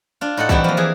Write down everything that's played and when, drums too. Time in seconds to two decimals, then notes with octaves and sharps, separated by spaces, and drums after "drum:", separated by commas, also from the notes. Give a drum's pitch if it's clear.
0.21 D4 F4
0.37 A2 D#4 A4 F#5
0.49 E3 G3 C4 E4 F#4 G4, drum: kick
0.64 F3 A#3
0.77 E3 G#4